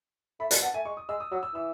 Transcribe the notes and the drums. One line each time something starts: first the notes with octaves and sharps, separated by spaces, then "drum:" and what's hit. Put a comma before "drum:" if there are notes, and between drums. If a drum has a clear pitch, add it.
A3 B5
G#3 A5, drum: hi-hat
B3 A5
A3 G#5
G#3 C#6
D#6
G#3 E6
D#6
F#3 E6
E6
E3 E6